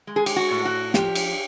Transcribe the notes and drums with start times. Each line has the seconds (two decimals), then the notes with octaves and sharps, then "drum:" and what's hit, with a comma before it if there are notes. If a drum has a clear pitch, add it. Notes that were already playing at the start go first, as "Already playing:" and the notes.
0.07 G#3
0.16 G#4
0.26 G4, drum: cymbal
0.36 F#4
0.51 A2
0.65 F#4
0.94 F3 G4, drum: snare
1.15 drum: cymbal